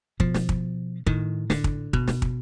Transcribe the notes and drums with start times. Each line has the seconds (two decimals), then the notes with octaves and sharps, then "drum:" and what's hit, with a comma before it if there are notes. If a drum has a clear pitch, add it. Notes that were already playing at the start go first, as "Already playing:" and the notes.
0.20 B2 F3, drum: kick
0.34 drum: snare
0.49 drum: kick
1.06 A2 D#3, drum: kick
1.50 D3, drum: snare
1.64 drum: kick
1.93 B2, drum: kick
2.07 drum: snare
2.22 drum: kick